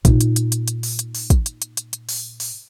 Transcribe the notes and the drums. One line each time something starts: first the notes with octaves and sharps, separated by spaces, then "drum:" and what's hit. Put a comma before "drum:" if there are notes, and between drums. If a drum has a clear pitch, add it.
A#2 D#4, drum: kick, hi-hat
drum: hi-hat
drum: hi-hat
drum: hi-hat
drum: hi-hat
drum: open hi-hat
drum: hi-hat
drum: open hi-hat
drum: kick, hi-hat
drum: hi-hat
drum: hi-hat
drum: hi-hat
drum: hi-hat
drum: open hi-hat
drum: open hi-hat